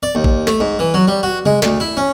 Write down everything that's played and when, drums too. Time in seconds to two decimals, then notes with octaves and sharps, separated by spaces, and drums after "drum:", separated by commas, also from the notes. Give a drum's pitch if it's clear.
0.03 D5
0.15 D#2
0.24 drum: kick A1
0.47 A3, drum: snare
0.60 G#2
0.79 E3
0.94 F#3
1.08 G3
1.23 F#4
1.46 G#3, drum: tom C3
1.62 D2, drum: snare
1.80 E4
1.97 C#4